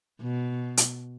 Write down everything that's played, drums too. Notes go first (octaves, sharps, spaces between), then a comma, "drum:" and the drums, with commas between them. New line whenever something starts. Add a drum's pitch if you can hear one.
B2
drum: hi-hat